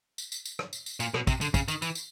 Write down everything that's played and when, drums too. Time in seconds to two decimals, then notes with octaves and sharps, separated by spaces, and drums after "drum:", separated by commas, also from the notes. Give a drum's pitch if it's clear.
0.18 drum: tambourine
0.32 drum: tambourine
0.45 drum: tambourine
0.59 drum: rim click
0.73 drum: tambourine
0.86 drum: tambourine
1.00 A#2, drum: tambourine
1.14 B2, drum: rim click
1.27 C3, drum: kick, tambourine
1.41 D3, drum: tambourine
1.54 C#3, drum: kick, tambourine
1.68 D#3, drum: tambourine
1.82 E3, drum: tambourine
1.95 drum: tambourine